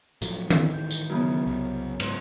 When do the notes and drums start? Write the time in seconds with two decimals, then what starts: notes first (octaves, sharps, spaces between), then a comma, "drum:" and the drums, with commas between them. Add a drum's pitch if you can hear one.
0.22 A2 F3 F#3, drum: tambourine
0.50 A2 D#3 E3, drum: tom D#3
0.73 G6
0.91 drum: tambourine
1.10 F#2 C#3 B3
1.46 C2
2.00 G#2, drum: cymbal